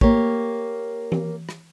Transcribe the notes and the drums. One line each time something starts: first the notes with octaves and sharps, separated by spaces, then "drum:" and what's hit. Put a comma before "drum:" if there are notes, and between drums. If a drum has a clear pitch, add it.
A#3 G4 C#5, drum: kick
drum: tom E3
drum: rim click